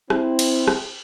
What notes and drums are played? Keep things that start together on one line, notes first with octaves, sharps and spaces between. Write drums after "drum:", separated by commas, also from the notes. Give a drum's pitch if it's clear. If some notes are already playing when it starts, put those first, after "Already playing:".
C4 E4, drum: rim click
drum: cymbal
drum: rim click